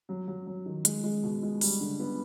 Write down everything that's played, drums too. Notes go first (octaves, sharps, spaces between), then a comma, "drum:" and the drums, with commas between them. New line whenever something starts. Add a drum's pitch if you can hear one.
F#3
F#3
F#3
D#3
G#3, drum: hi-hat
G#3
B2
G#3
G3, drum: open hi-hat
D3
B3